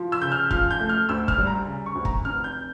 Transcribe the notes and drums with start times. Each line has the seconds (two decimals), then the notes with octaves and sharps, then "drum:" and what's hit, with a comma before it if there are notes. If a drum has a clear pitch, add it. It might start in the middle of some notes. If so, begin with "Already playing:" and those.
Already playing: F3
0.12 E6
0.22 C#3 G6
0.32 F6
0.51 F3 F6, drum: kick
0.71 G6
0.80 A3
0.89 F6
1.09 D2 E6
1.28 F6, drum: kick
1.38 G3
1.47 A#5
1.67 C#3
1.86 C#6
1.95 D2
2.05 A#5, drum: kick
2.25 F1 F6
2.44 G6